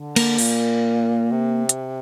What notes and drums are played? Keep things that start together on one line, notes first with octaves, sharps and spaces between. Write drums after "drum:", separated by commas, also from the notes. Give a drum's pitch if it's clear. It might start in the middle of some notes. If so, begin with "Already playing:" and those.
Already playing: D3
A#3, drum: cymbal
A#2, drum: open hi-hat
C3
drum: hi-hat